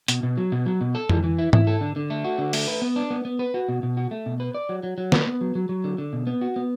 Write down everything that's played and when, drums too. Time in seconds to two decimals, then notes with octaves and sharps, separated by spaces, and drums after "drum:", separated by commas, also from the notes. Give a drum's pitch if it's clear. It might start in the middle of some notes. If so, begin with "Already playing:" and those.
0.08 B2, drum: hi-hat
0.23 B2
0.37 F#3
0.52 B2
0.66 F#3
0.81 B2
0.95 A4
1.09 E3, drum: tom F2
1.24 E3
1.39 E4
1.53 E4, drum: tom G#2
1.67 A4
1.81 D3
1.96 D3
2.10 A3
2.24 F#4
2.38 D3
2.53 A3, drum: open hi-hat
2.67 B4
2.82 B3
2.96 D4
3.10 B3
3.25 B3
3.39 B4
3.54 F#4
3.69 B2
3.83 B2
3.97 F#4
4.11 A3
4.26 B2
4.40 B4
4.55 D5
4.69 F#3
4.83 F#3
4.98 F#3
5.12 B4, drum: snare
5.26 B3
5.41 F#3
5.55 F#3
5.69 F#3
5.84 D3
5.98 D3
6.13 B2
6.27 B3
6.41 F#4
6.56 B3